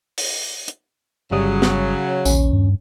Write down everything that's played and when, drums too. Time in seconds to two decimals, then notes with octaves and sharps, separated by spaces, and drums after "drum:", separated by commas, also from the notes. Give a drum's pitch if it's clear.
0.18 drum: open hi-hat
0.68 drum: hi-hat
1.32 G1 C#3 F#3 G3 D#6
1.62 drum: snare
2.25 A#1 D#2 C#4, drum: tambourine
2.53 G2